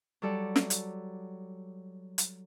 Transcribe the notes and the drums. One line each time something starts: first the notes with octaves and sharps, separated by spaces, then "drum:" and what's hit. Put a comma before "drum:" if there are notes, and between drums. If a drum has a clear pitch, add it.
F#3 G3 A4 D5
drum: snare
drum: hi-hat
drum: hi-hat